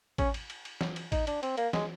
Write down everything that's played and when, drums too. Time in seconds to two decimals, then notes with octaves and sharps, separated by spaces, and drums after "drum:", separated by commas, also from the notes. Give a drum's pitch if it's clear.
0.18 C#4, drum: kick, cymbal
0.34 drum: cymbal
0.50 drum: cymbal
0.65 drum: cymbal
0.81 drum: snare
0.96 drum: cymbal
1.12 D#4, drum: kick, cymbal
1.27 D4, drum: cymbal
1.43 C4, drum: cymbal
1.57 A#3, drum: cymbal
1.73 G#3, drum: snare